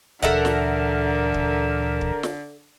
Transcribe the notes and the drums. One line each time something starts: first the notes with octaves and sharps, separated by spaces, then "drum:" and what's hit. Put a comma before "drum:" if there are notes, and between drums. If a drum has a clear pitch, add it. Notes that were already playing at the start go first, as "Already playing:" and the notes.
D2 A#2 D3 E3 A4 A#4 E5 F#5, drum: kick
drum: snare
drum: kick
drum: kick
drum: snare